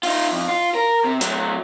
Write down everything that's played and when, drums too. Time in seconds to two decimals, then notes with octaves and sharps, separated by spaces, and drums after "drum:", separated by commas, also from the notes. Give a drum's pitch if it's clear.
0.03 D#4 F4, drum: open hi-hat
0.32 F2
0.48 F4
0.75 A#4
1.04 C3
1.21 F#3 A3, drum: hi-hat